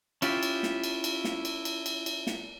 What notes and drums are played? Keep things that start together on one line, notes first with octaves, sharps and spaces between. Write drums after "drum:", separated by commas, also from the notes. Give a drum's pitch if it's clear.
C#4 E4 F4 G4, drum: cymbal
drum: cymbal
drum: snare
drum: cymbal
drum: cymbal
drum: snare
drum: cymbal
drum: cymbal
drum: cymbal
drum: cymbal
drum: snare